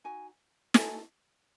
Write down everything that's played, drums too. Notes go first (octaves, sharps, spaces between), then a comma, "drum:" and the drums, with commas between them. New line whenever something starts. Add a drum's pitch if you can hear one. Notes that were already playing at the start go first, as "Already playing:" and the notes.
D#4 F#4 G#5
D#4 F#4 A4 G#5, drum: snare